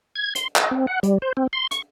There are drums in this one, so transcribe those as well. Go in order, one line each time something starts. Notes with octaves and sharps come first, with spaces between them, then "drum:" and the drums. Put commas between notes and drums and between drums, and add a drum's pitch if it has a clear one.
G#6
C6, drum: hi-hat
D#5, drum: clap
C4
F#5
G3, drum: hi-hat
C5
C4
C6
C#6, drum: hi-hat